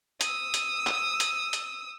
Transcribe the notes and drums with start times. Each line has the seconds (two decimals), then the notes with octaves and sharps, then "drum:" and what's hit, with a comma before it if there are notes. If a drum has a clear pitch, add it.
0.21 D#6 E6, drum: hi-hat
0.54 drum: hi-hat
0.87 drum: clap
1.20 drum: hi-hat
1.53 drum: hi-hat